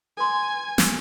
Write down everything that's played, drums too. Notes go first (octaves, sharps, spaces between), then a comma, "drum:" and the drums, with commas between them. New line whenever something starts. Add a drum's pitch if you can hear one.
A4 B4 G#5 C6
drum: snare